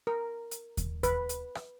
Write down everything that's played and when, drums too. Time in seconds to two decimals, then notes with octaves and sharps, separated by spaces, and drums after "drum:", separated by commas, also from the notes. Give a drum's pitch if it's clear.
0.07 A#4
0.51 drum: hi-hat
0.77 drum: kick D#2, hi-hat
1.03 B4, drum: kick D#2, hi-hat
1.29 drum: hi-hat
1.55 drum: rim click